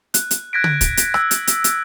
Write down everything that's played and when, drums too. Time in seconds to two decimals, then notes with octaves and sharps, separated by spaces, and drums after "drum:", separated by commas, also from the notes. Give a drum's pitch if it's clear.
0.14 F#6, drum: hi-hat
0.31 drum: hi-hat
0.53 F#6 G#6 A#6 B6 D7
0.64 drum: tom
0.81 drum: kick, hi-hat
0.97 drum: hi-hat
1.14 E6, drum: rim click
1.31 drum: hi-hat
1.47 drum: hi-hat
1.64 drum: hi-hat